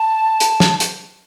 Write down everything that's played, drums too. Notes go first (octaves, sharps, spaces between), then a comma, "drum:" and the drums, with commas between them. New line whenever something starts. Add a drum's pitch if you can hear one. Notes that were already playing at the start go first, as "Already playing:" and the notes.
Already playing: A5
drum: hi-hat
drum: snare
drum: hi-hat